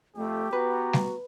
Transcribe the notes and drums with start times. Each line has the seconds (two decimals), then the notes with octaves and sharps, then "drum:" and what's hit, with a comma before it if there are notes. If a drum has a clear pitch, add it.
0.17 F2 A3 G4
0.53 B3 F#4 B4 A#5
0.93 drum: snare G3